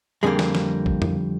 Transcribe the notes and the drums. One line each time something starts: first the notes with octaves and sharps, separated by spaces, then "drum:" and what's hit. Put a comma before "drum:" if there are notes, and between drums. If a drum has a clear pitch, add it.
F2 D3 G3 G#3 A#3 G#4
drum: snare
drum: snare
drum: kick A#1
drum: tom F2